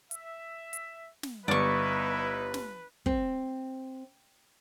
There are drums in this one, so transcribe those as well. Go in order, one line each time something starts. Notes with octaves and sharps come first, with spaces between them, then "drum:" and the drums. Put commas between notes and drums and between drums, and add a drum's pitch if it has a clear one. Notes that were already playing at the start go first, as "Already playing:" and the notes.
E5, drum: hi-hat
drum: hi-hat
drum: snare
G1 B3 D#4 E4 B4 D5 C#6
drum: snare
C4, drum: kick